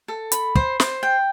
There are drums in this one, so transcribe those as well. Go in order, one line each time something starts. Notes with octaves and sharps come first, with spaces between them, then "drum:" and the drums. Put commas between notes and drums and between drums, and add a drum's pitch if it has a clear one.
A4
B5, drum: hi-hat
C5, drum: kick
C5, drum: snare
G5